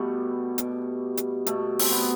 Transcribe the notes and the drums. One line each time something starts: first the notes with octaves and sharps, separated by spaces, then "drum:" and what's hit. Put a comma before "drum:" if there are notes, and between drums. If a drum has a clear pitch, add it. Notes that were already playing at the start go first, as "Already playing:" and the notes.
Already playing: B2 G3 A3 B3
B2, drum: hi-hat
drum: hi-hat
B2 A3, drum: hi-hat
C4, drum: open hi-hat
B2 B3